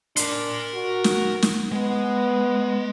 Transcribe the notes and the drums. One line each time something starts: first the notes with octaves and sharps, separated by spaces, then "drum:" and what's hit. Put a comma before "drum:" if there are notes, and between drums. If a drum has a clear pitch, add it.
D4 A#4 C6, drum: hi-hat
F#4
drum: snare
drum: snare
G#3 B3